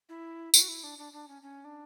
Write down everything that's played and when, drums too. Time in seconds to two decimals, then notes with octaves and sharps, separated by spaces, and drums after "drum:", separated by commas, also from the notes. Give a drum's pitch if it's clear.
0.09 E4
0.54 E4, drum: tambourine
0.61 F#4
0.68 E4
0.84 D4
0.98 D4
1.13 D4
1.28 C#4
1.42 C#4
1.65 D4